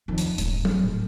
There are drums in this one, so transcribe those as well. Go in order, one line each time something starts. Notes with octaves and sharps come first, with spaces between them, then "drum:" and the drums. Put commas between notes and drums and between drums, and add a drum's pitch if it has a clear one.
F2 D#3
drum: hi-hat
D#1 G#2, drum: hi-hat
C4, drum: tom F#3
A2